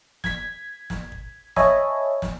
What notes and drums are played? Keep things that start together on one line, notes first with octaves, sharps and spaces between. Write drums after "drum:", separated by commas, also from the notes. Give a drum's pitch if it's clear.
G#6 B6, drum: snare
drum: snare
drum: kick
C#5 D#5 E5 G#5 A5 B5, drum: snare
drum: snare